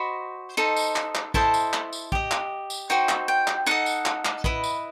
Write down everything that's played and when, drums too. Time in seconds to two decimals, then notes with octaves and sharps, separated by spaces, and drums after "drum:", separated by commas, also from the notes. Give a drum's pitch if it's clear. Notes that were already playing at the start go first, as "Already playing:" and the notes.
Already playing: F#4 C5 D#5 B5
0.57 D#4 A4 C5 D#5
0.76 drum: tambourine
0.96 drum: clap
1.15 drum: clap
1.34 E4 A4 C5 D#5 A5, drum: kick
1.54 drum: tambourine
1.73 drum: clap
1.93 drum: tambourine
2.12 G4 D#5, drum: kick
2.31 drum: clap
2.70 drum: tambourine
2.90 D#4 F#4 C5 G5
3.09 drum: clap
3.28 G5
3.47 drum: clap
3.66 D#4 A4 D#5 F#5
3.86 drum: tambourine
4.06 drum: clap
4.25 drum: clap
4.44 E4 B4 D#5, drum: kick
4.64 drum: tambourine